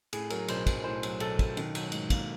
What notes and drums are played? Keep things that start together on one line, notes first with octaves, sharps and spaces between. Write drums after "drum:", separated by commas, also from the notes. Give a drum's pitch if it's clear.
A2 G#4, drum: cymbal
F#3 A#4, drum: cymbal
B1 C5, drum: cymbal
B1, drum: kick, cymbal
A2 C5
F#3, drum: cymbal
B1 A4, drum: cymbal
B1, drum: kick, cymbal
D#3, drum: cymbal
F#3, drum: cymbal
G#2, drum: cymbal
A#3, drum: kick, cymbal